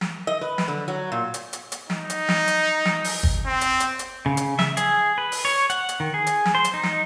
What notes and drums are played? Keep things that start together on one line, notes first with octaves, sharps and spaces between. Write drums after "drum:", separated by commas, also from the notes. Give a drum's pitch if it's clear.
drum: snare
D#5
B4
drum: snare
D3
F#3
A#2
drum: hi-hat
drum: hi-hat
drum: hi-hat
D#4, drum: snare
drum: hi-hat
drum: snare
drum: hi-hat
drum: snare
drum: open hi-hat
drum: kick
C4
drum: hi-hat
drum: hi-hat
drum: hi-hat
C#3
drum: hi-hat
E5, drum: snare
G#4, drum: hi-hat
B4
drum: open hi-hat
C#5
F#5, drum: hi-hat
drum: hi-hat
D#3
G#4
drum: hi-hat
drum: snare
C5
drum: hi-hat
D#4
drum: snare